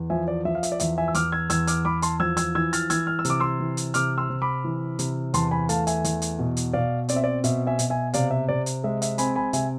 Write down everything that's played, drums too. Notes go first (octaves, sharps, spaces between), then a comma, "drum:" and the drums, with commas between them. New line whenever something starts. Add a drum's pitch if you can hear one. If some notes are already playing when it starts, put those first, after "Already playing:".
Already playing: E2
F3 E5 G#5
D5
F3 E5
F5
E5, drum: hi-hat
D5
E2 E5, drum: hi-hat
E5 G#5
E6
E2 D6 F6, drum: hi-hat
E6 G#6
E2 E6 G#6, drum: hi-hat
D6 F6, drum: hi-hat
E2 B5 D6
A5 C6, drum: hi-hat
F3 E6 G#6
E6 G#6, drum: hi-hat
E3 E6 G#6
F6 A6, drum: hi-hat
E3 E6 G#6, drum: hi-hat
F6
E6
C3, drum: hi-hat
D6
C6 E6
E3
drum: hi-hat
C3 D6 F6, drum: hi-hat
C6 E6
C3
B5 D6
E3
C3, drum: hi-hat
E2 A5 C6, drum: hi-hat
G#5 B5
A3 F5 A5, drum: hi-hat
E5 G#5, drum: hi-hat
E2, drum: hi-hat
drum: hi-hat
B2
drum: hi-hat
B2 D5 F5
C4 D5, drum: hi-hat
E5
D5
B2 E5, drum: hi-hat
E5 G#5
B2, drum: hi-hat
E5 G#5
C3 D5 F5, drum: hi-hat
E5
C3 D5
drum: hi-hat
G#3 E5
E5, drum: hi-hat
C4 G#5 B5, drum: hi-hat
G#5 B5
C3 E5 G#5, drum: hi-hat